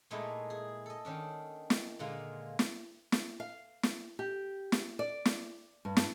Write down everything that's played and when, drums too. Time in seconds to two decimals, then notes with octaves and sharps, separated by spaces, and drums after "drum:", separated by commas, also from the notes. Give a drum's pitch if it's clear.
0.10 A#2 G#3 A3 D#4 E4
0.50 G#4
0.86 A4 D#5
1.05 D#3 C#4 D4
1.70 drum: snare
1.99 A#2 D3 G#3 F4
2.59 drum: snare
3.12 drum: snare
3.40 F5
3.83 drum: snare
4.19 G4
4.72 drum: snare
4.99 D5
5.25 drum: snare
5.85 G2
5.97 drum: snare